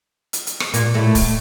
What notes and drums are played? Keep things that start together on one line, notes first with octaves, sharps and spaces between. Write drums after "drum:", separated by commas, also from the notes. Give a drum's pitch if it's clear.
drum: hi-hat
drum: hi-hat
drum: rim click
A#2 A#3, drum: hi-hat
A2 A3
drum: kick D1, open hi-hat